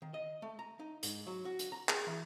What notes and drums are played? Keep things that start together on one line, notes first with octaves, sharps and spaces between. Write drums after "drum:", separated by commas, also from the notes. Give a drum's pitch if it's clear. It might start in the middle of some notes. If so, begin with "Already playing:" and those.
D#3
D#5
A3
A#5
D#4
G#2, drum: hi-hat
F#3
F#4
drum: hi-hat
A#5
G#4, drum: clap
E3